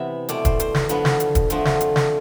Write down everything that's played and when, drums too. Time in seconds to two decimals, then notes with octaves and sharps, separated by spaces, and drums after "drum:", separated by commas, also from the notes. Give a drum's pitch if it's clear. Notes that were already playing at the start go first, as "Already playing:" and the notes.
Already playing: C3 E3 B3 E5
0.29 B2 A3 C4 D5, drum: hi-hat
0.45 C5, drum: kick, hi-hat
0.60 C5, drum: hi-hat
0.75 drum: snare
0.89 D3 F3 B3 B4, drum: hi-hat
1.05 drum: snare
1.20 drum: hi-hat
1.35 drum: kick, hi-hat
1.50 D3 F3 A3 C4, drum: hi-hat
1.65 drum: snare
1.81 drum: hi-hat
1.96 drum: snare